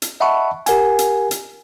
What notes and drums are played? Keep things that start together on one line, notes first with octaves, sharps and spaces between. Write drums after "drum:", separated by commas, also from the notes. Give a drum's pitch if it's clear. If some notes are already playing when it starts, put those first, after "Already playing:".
drum: hi-hat
D#5 E5 F#5 A5 B5 C#6
G4 A#4 F#5 G#5, drum: hi-hat
drum: hi-hat
drum: hi-hat